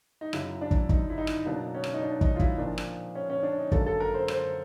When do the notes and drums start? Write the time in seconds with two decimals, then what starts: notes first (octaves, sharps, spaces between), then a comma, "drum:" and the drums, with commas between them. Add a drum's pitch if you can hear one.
0.21 D#4
0.33 F#2 C#3 F#3 E4, drum: rim click
0.61 D4
0.71 drum: kick
0.89 D#4, drum: kick
1.10 E4
1.18 D#4
1.27 drum: rim click
1.45 B2 F#3 A#3 D4
1.74 C#4
1.84 drum: rim click
1.94 D#4
2.02 D4
2.21 D#4, drum: kick
2.36 F4
2.39 E4, drum: kick
2.58 A#2 F3 A#3 D4
2.78 drum: rim click
3.15 C#4
3.30 C#4
3.43 D4
3.57 D#4
3.72 F#2 D3 F#3 A#3 A4, drum: kick
3.86 A4
4.00 A#4
4.14 C5
4.28 C5, drum: rim click